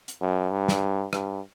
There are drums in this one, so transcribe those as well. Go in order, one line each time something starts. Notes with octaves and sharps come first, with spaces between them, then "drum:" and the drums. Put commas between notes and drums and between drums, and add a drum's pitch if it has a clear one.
drum: hi-hat
F#2
G2
drum: snare
G2, drum: rim click